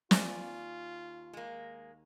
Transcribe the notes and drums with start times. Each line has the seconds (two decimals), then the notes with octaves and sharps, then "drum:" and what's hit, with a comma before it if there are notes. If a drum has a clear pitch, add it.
0.11 D#2 F4 D5 G#5, drum: snare
1.33 G#3 A#3